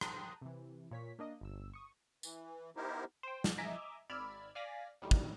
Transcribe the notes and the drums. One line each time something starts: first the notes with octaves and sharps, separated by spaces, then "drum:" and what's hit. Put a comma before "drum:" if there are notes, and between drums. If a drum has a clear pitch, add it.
G5 A5 A#5 D#6 F#6, drum: rim click
C3 E3
A#2 C#5 B6
A#3 D4 D#5
G1 E6
C#6 D#6
E3, drum: tambourine
B3 D#4 E4 G4 A#4 C5
C5 G5
drum: snare
D#5 E5 G#5 A#5 D6
G#1 D5 B5 E6 F6 G#6
D5 F5 G#5 A#6 B6
D2 A2 D#3 G3
drum: kick